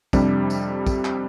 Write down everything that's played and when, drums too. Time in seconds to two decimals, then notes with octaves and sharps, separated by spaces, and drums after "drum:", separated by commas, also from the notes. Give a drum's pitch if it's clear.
0.13 F2 C3 G3 D4, drum: kick, tambourine
0.50 drum: tambourine
0.87 drum: kick, tambourine
1.05 drum: clap